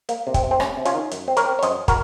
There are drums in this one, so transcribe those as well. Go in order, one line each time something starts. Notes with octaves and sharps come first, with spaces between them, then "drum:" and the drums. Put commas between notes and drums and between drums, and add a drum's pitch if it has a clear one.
A#3, drum: hi-hat
C3
C4, drum: kick, hi-hat
C3
C4
C3 C#4, drum: rim click
C3
C#4 F4, drum: hi-hat
D#3
F#2, drum: hi-hat
C4
A#4 C#5, drum: hi-hat
C4
C#5
F#2 C5 D#5, drum: hi-hat
F#4 A#4, drum: kick, hi-hat